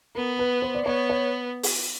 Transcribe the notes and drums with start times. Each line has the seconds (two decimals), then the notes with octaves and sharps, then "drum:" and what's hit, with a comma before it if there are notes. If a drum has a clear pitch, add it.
0.15 B3 A#4
0.39 B4
0.62 C5
0.75 D5
0.85 B3 C#5
1.10 C#5
1.63 drum: open hi-hat